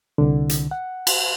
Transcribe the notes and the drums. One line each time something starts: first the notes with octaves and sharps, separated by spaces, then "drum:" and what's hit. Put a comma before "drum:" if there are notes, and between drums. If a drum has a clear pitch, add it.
C2 D3
drum: hi-hat
F#5
drum: cymbal